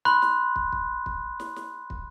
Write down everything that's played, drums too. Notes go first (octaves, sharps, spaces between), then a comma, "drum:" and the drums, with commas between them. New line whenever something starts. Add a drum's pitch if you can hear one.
B5 C6 F#6, drum: snare
drum: snare
drum: kick
drum: kick
drum: kick
drum: snare
drum: snare
drum: kick